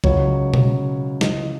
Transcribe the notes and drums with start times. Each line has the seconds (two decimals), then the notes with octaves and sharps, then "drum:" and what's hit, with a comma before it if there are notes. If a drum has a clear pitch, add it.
0.04 C#2 C#3 F#3 C#5, drum: kick B1
0.54 drum: tom B2
1.21 C#2 C#3 E3 D#5, drum: snare